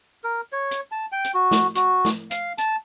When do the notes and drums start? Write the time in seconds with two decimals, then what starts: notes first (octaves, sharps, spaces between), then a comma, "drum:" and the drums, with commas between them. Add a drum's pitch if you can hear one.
0.24 A#4
0.53 C#5
0.71 drum: hi-hat
0.92 A5
1.12 G5
1.25 drum: hi-hat
1.34 F#4
1.51 drum: snare
1.75 F#4, drum: hi-hat
2.05 drum: snare
2.31 F5, drum: hi-hat
2.58 A5, drum: hi-hat